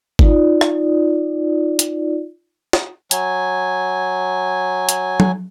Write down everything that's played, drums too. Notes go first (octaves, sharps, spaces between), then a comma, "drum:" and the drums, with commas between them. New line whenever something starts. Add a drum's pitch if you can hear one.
D#4 F4 D5, drum: kick G1
drum: rim click
drum: hi-hat
drum: snare
F#3 G#5, drum: hi-hat
drum: hi-hat
drum: tom